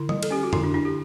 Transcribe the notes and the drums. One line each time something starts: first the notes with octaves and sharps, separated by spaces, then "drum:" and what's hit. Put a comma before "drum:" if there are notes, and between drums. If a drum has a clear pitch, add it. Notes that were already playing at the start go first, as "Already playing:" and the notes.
Already playing: D3 E4
G3, drum: tom D3
A4, drum: cymbal
C#4 G4
F#4
D3 E4, drum: tom F2
D4
D4 E4
G4